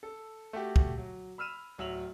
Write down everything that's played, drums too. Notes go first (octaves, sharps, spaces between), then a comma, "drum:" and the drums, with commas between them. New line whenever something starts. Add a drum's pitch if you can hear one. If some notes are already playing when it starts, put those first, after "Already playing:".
A4
A3 F#4 G4
drum: kick
F#3
B5 E6 F6 D#7 E7
D1 F#3 E5 E6 F7 F#7